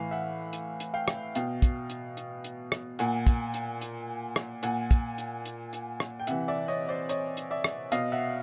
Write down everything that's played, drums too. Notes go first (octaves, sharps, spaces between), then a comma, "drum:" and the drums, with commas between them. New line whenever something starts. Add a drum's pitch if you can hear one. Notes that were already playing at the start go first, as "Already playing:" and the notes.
Already playing: A2 E3 F5
E5 F#5
drum: hi-hat
drum: hi-hat
F5 G5
drum: rim click
B2 F5 G5, drum: hi-hat
drum: kick, hi-hat
drum: hi-hat
drum: hi-hat
drum: hi-hat
drum: rim click
A#2 F#5 G#5, drum: hi-hat
drum: kick, hi-hat
drum: hi-hat
drum: hi-hat
drum: rim click
A#2 F#5 G#5, drum: hi-hat
drum: kick, hi-hat
drum: hi-hat
drum: hi-hat
drum: hi-hat
drum: rim click
G5
C3 E3 E5 F#5, drum: hi-hat
D5 E5
C#5 D#5
C5 D5
C#5 D#5, drum: hi-hat
drum: hi-hat
D5 E5
drum: rim click
B2 D#5 F5, drum: hi-hat
E5 F#5